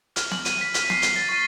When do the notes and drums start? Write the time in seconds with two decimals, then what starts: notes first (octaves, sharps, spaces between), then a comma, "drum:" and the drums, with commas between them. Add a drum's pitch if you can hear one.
0.16 F6, drum: hi-hat
0.31 F#7, drum: snare
0.45 D#7, drum: hi-hat
0.61 B6
0.74 F6, drum: hi-hat
0.90 C7, drum: snare
1.02 G7, drum: hi-hat
1.16 A6
1.29 C#6